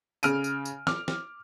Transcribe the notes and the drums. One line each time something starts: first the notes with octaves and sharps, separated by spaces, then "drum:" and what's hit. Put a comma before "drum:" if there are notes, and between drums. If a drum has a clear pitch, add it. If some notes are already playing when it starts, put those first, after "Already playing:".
C#3 F6 D7 D#7, drum: tambourine
drum: tambourine
drum: tambourine
D6 F6, drum: snare
drum: snare